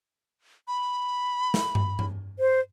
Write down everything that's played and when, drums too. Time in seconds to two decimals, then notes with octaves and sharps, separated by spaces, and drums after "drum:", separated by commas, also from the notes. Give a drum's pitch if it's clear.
0.68 B5
1.54 drum: snare
1.75 drum: tom G2
1.99 drum: tom G2
2.39 C5